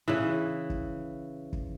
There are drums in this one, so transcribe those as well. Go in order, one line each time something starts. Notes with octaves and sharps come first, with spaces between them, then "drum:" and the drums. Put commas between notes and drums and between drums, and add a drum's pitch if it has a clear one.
C#3 E3
drum: kick
drum: kick